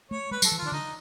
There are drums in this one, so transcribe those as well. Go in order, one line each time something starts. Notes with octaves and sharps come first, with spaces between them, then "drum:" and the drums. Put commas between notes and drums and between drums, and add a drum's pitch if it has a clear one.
A3 C#5
G#3 B4
F#3, drum: tambourine
A4
E3
D#3 F4
D4
D3 D#4